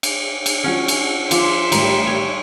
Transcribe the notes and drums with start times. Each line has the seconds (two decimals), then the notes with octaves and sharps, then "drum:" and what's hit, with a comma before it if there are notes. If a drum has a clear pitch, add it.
0.03 drum: cymbal
0.46 drum: cymbal
0.64 F3 C#4 F#4 F6
0.88 drum: cymbal
1.31 F3 E5 C6 D6, drum: cymbal
1.72 A1 D#3 G3 A#5, drum: cymbal
2.07 C#5